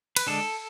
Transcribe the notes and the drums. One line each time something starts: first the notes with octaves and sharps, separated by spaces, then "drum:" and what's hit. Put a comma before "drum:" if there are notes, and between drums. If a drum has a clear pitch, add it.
B4, drum: cymbal
D3 G#3 D4 A4